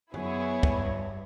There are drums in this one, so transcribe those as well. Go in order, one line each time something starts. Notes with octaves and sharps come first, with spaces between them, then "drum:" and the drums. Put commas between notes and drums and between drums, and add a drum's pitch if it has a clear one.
F#2 B3 E4 G#4 C#5, drum: tom F#2
G2, drum: kick